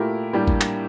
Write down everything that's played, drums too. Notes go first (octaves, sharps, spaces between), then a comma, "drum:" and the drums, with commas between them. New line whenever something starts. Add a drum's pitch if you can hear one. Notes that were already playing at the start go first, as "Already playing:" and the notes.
Already playing: A#2 A3 E4 G4 A#4
A2 G3 A#3 D4 G4
drum: kick G#1
drum: clap